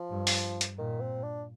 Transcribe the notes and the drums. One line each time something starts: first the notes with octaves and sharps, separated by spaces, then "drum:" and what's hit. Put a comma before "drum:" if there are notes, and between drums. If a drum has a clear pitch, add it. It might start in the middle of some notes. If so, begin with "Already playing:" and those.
Already playing: F3
G2
drum: open hi-hat
drum: hi-hat
A#2 D#3
C4
D4